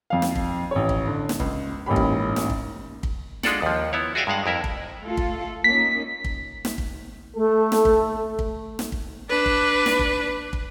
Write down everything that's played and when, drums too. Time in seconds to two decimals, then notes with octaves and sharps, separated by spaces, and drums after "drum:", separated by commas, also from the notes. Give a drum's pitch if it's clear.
0.10 F2 F5
0.22 drum: snare
0.35 drum: kick
0.71 A1 C#5
0.89 drum: kick
1.07 D3
1.29 drum: snare
1.40 C#2, drum: kick
1.86 A1 G#2 A#3 C#4 G4 B5
1.96 drum: kick
2.36 drum: snare
2.50 drum: kick
3.03 drum: kick
3.43 G#3 D4 F4 A4 D5 F#5, drum: snare
3.62 D#2 F3
3.93 B3 E4 C#5
4.15 F#4 G#4 D5 E5 F5 G5
4.27 G2 G#3 F5 F#5
4.46 F2 E4 A#4 E5
4.64 drum: kick
5.02 A3 F4 A4
5.17 drum: kick
5.64 A#3 C#4 D#4 B6
6.24 drum: kick
6.65 drum: snare
6.78 drum: kick
7.36 A3 A4
7.72 drum: snare
7.85 drum: kick
8.39 drum: kick
8.79 drum: snare
8.92 drum: kick
9.29 D4 B4
9.46 drum: kick
9.86 drum: snare
9.99 drum: kick
10.53 drum: kick